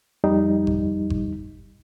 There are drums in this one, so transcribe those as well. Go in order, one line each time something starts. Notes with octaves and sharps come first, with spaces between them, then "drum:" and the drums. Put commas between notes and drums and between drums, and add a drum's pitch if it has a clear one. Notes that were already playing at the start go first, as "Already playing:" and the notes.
F2 G3 D#4
drum: kick G1
drum: kick G1